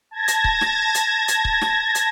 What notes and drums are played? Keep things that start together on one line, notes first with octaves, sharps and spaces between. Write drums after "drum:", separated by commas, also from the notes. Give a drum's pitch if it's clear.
A5 G#6 A#6
drum: hi-hat
drum: kick C#1
drum: snare
drum: hi-hat
drum: hi-hat
drum: kick C#1
drum: snare
drum: hi-hat